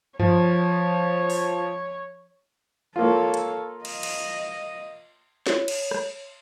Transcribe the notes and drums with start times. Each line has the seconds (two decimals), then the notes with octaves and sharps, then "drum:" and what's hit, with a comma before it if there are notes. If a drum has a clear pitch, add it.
0.19 F3 C#5, drum: tom F#2
1.30 drum: open hi-hat
2.96 A#3 F4 A4 C#5
3.34 drum: hi-hat
3.85 D#5, drum: cymbal
4.03 drum: cymbal
5.47 C#5, drum: snare
5.68 drum: cymbal
5.91 drum: rim click